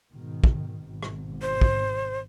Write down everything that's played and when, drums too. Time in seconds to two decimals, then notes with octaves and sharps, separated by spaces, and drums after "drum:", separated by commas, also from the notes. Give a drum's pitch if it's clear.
0.14 G#2 B2 D#3
0.44 drum: kick
0.83 G#1 B2
1.03 drum: rim click
1.42 C5
1.61 drum: kick